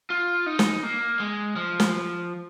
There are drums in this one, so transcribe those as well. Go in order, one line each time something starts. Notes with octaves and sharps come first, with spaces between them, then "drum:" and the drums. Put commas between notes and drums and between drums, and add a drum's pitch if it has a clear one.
F4
D#4
drum: snare
A#3
G#3
F3
drum: snare